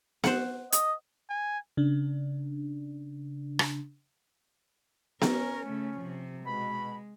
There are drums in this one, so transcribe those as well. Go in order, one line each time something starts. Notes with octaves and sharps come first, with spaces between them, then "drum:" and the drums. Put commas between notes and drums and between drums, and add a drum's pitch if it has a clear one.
C5 F#5, drum: snare B3
D#5, drum: hi-hat
G#5
C#3 D4
drum: rim click
C#4 A#4, drum: snare B3
C#3 A3
C3 F3
B2 G#3 B5